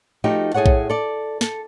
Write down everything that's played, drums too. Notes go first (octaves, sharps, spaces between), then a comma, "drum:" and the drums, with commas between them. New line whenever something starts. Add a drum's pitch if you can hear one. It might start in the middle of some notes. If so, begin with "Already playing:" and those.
F3 A3 D#4 F#4 G4
A2 G#4 A4 C#5 F#5
drum: kick A#1
A4 D5
A4, drum: snare